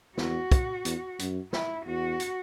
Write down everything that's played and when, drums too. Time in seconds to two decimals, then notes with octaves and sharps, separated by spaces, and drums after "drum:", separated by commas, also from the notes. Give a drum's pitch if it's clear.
0.18 E2 F#4, drum: snare
0.51 drum: kick, hi-hat
0.85 E2, drum: hi-hat
1.19 F#2, drum: hi-hat
1.53 E4, drum: snare
1.86 E2 F#4
2.20 drum: hi-hat